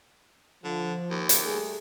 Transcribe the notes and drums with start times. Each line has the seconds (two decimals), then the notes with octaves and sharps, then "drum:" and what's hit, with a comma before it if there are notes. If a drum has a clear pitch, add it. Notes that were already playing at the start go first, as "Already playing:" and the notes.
0.64 D3 F3
1.11 D#2
1.29 drum: hi-hat
1.45 G3 A3 G#4